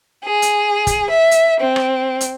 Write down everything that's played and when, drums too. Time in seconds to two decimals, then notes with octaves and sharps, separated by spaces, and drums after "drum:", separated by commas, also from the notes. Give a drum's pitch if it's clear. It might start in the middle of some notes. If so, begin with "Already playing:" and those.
0.24 G#4
0.42 drum: hi-hat
0.87 drum: kick, hi-hat
1.09 E5
1.31 drum: hi-hat
1.61 C4
1.76 drum: rim click
2.21 drum: hi-hat